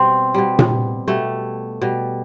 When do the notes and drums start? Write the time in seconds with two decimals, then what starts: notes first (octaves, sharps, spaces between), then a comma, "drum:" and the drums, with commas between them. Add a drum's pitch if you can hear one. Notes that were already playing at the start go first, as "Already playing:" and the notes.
Already playing: B2 G3 C4
0.34 B2 G3
0.59 drum: tom A#2
1.08 B2 G3 A3
1.81 B2 G3